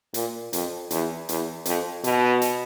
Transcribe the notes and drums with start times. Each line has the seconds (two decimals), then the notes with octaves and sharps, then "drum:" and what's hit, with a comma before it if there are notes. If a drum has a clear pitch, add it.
0.14 A#2, drum: hi-hat
0.53 F2, drum: hi-hat
0.91 E2, drum: hi-hat
1.29 E2, drum: hi-hat
1.66 F2, drum: hi-hat
2.04 B2, drum: hi-hat
2.42 drum: hi-hat